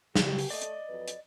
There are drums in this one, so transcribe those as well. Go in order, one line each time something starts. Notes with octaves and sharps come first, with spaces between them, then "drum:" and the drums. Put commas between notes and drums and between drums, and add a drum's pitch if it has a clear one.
C#3 F#3 G4, drum: snare
drum: open hi-hat
A3 D5 D#5
drum: hi-hat
F2 F#3 B4
drum: hi-hat